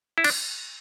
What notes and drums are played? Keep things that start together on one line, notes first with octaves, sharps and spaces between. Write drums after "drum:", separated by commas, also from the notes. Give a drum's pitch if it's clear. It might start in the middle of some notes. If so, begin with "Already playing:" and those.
E4
D4, drum: cymbal